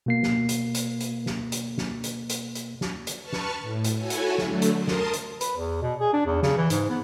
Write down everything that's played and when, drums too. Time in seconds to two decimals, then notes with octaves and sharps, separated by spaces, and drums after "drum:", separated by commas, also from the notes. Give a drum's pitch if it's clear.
0.06 B2 A#3 C7
0.23 drum: snare
0.49 drum: hi-hat
0.74 drum: hi-hat
1.00 drum: hi-hat
1.26 drum: snare
1.52 drum: hi-hat
1.78 drum: snare
2.04 drum: hi-hat
2.29 drum: hi-hat
2.55 drum: hi-hat
2.81 drum: snare
3.07 drum: hi-hat
3.22 B4 A5 C#6 F6
3.33 drum: snare
3.61 A2
3.84 drum: hi-hat
3.96 E4 F#4 A4 C#5 G#5
4.10 drum: hi-hat
4.38 D3 F#3 A3, drum: snare
4.62 drum: hi-hat
4.78 A#4 A5 C6 D#6
4.88 drum: snare
5.13 drum: hi-hat
5.41 B4, drum: hi-hat
5.57 E2
5.82 B2
6.00 G#4
6.13 D4
6.26 E2
6.42 C#3, drum: snare
6.57 E3
6.70 G#2, drum: hi-hat
6.90 B3